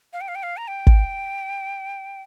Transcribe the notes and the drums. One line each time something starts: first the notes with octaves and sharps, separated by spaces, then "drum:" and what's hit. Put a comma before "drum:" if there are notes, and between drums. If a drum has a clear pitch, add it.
F5
G5
F5
G5
F5
A#5
G5
drum: kick